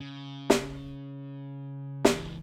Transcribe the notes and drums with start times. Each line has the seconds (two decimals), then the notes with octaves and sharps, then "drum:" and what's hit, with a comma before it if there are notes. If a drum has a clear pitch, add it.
0.01 C#3
0.50 drum: snare
2.05 C#2 E3, drum: snare